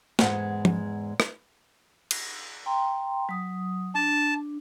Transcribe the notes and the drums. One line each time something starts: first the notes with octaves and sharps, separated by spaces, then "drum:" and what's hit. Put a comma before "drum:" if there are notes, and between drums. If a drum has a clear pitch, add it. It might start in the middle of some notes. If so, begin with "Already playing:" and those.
E2 G#2 G#3 F#5, drum: snare
drum: tom F3
drum: rim click
drum: cymbal
G5 A#5 C6
F#3 D#6
D4 A5